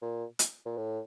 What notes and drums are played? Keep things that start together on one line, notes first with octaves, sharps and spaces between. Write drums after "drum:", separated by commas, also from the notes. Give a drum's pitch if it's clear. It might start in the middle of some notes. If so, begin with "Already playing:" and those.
A#2
drum: hi-hat
A#2
A2